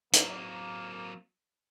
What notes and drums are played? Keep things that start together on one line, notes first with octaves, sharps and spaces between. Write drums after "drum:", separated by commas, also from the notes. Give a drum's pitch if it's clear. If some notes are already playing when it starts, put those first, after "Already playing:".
F#3 A#3 C4, drum: hi-hat